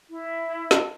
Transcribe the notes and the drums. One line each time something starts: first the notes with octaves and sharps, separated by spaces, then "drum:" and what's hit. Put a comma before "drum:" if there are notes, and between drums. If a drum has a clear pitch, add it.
E4
drum: snare